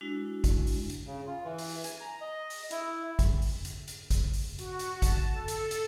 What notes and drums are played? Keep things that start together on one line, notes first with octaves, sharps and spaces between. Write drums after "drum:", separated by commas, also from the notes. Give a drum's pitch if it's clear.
G#3 D4 E4 F#4
drum: kick, hi-hat
drum: open hi-hat
drum: hi-hat
C#3
F4
E3
drum: open hi-hat
G#5, drum: hi-hat
A#5
D#5
drum: open hi-hat
E4, drum: hi-hat
drum: kick, hi-hat
drum: open hi-hat
drum: hi-hat
drum: hi-hat
drum: kick, hi-hat
drum: open hi-hat
F#4, drum: hi-hat
drum: hi-hat
A5, drum: kick, hi-hat
A4
drum: hi-hat
drum: hi-hat